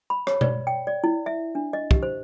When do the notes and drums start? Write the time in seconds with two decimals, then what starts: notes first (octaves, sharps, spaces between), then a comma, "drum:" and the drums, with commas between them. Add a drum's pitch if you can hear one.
0.10 B5
0.27 C#5, drum: rim click
0.41 D5, drum: tom B2
0.67 G5
0.87 D5
1.04 E4
1.26 E5
1.55 D4
1.73 D#5
1.91 G4, drum: kick
2.03 C5